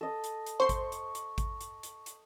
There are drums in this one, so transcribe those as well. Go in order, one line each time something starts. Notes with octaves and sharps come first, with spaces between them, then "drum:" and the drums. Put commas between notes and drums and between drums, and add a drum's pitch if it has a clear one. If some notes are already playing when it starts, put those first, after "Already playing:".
A4 D#5
drum: hi-hat
drum: hi-hat
C5 C6 C#6
drum: kick G#1, hi-hat
drum: hi-hat
drum: hi-hat
drum: kick G#1, hi-hat
drum: hi-hat
drum: hi-hat
drum: hi-hat